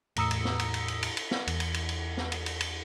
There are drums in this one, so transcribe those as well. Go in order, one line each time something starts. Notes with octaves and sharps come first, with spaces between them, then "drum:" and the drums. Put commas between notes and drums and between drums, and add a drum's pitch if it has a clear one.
E2 A2 A#5 D#6 E6 C#7, drum: cymbal
drum: cymbal
drum: snare
drum: cymbal
drum: cymbal
drum: cymbal
drum: cymbal
drum: cymbal
drum: snare
E2, drum: cymbal
drum: cymbal
drum: cymbal
drum: cymbal
drum: snare
drum: cymbal
drum: cymbal
drum: cymbal